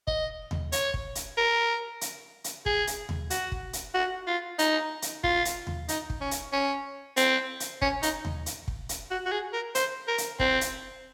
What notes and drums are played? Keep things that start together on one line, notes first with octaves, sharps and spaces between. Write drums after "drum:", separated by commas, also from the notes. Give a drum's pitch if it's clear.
D#5, drum: kick
drum: tom D#2
C#5, drum: hi-hat
drum: kick
drum: hi-hat
A#4
drum: hi-hat
drum: hi-hat
G#4, drum: kick
drum: hi-hat
drum: tom D#2
F#4, drum: hi-hat
drum: kick
drum: hi-hat
F#4
F4
D#4, drum: hi-hat
drum: hi-hat
F4, drum: kick
drum: hi-hat
drum: tom D#2
D#4, drum: hi-hat
drum: kick
C#4
drum: hi-hat
C#4
C4, drum: hi-hat
drum: hi-hat
C#4, drum: kick
D#4, drum: hi-hat
drum: tom D#2
drum: hi-hat
drum: kick
drum: hi-hat
F#4
F#4
G#4
A#4
C5, drum: hi-hat
A#4
drum: hi-hat
C4, drum: kick
drum: hi-hat